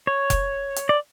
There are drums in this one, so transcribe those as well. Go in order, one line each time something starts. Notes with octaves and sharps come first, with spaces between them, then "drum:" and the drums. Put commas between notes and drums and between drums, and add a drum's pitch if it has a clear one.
C#5
drum: kick F1, hi-hat
drum: hi-hat
D5